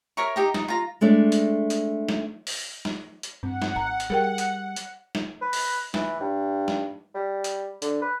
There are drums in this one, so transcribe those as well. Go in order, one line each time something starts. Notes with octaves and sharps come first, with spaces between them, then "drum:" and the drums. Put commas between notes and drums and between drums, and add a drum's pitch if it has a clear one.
A#4 C#5 E5 C#6
D#4 G4 A#5
D#4, drum: snare
F4 A#5
G#3 A3 D4 D5
drum: hi-hat
drum: hi-hat
drum: snare
drum: open hi-hat
drum: snare
drum: hi-hat
G2 C4 F#5
drum: snare
G#1 A#5
drum: hi-hat
G3 G#4 A#4 G5
drum: hi-hat
drum: hi-hat
drum: snare
B4
drum: open hi-hat
E3, drum: snare
G2
drum: snare
G3
drum: hi-hat
D3, drum: hi-hat
B4